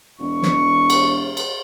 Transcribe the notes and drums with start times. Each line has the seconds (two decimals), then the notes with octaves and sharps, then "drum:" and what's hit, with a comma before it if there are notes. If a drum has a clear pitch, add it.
0.19 E1 C#6
0.43 drum: snare
0.90 drum: cymbal
1.37 drum: cymbal